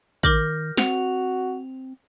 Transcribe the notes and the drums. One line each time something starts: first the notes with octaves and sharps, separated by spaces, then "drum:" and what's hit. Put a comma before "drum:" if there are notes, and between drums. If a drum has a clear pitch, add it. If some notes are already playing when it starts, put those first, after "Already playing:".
D#3 A#4 D6 F6 G6 A#6 F#7, drum: kick A1
C4 F#4 C5 F#5 F7, drum: snare